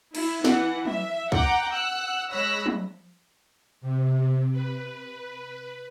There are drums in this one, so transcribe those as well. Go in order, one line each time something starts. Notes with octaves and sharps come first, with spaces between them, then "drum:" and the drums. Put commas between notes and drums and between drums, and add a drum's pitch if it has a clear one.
E4, drum: cymbal
E3 F#5, drum: snare
E5, drum: tom
F#5 G5 A#5 D6, drum: kick
F#5 E6 F#6
G#3 C#5 B5 E6 F#6 A#6
drum: tom
C3
B4